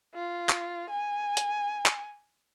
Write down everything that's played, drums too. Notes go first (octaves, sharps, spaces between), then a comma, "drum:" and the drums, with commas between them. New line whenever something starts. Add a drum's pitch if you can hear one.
F4
drum: clap
G#5
drum: hi-hat
drum: clap